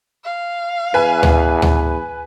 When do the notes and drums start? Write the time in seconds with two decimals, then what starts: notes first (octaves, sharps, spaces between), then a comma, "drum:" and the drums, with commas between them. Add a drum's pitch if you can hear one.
0.24 F5
0.94 E2 B4 G#5
1.23 drum: tom D2
1.62 drum: tom D2